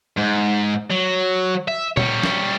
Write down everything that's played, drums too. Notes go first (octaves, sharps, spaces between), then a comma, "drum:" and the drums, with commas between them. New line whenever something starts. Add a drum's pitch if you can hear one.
G#2
F#3
E5
G3 C#5, drum: tom A#2
drum: snare